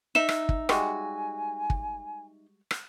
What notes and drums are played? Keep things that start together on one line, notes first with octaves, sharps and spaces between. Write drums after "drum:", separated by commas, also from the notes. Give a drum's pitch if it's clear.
D#4 E5 E7
drum: rim click
drum: kick
G3 G#3 F#4 G#5, drum: rim click
drum: kick
drum: rim click